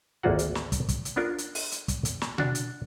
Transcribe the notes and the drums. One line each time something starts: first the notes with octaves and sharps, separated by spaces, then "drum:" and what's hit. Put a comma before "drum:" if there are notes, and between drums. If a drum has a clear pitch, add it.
G#1 D2 A#3 F4 F#4 F#5
drum: hi-hat
drum: snare
drum: kick, hi-hat
drum: kick, hi-hat
drum: hi-hat
B3 C#4 D4 F4 A#4
drum: hi-hat
drum: open hi-hat
drum: hi-hat
drum: kick, hi-hat
drum: hi-hat
drum: snare
D4 F#4, drum: tom B2
drum: hi-hat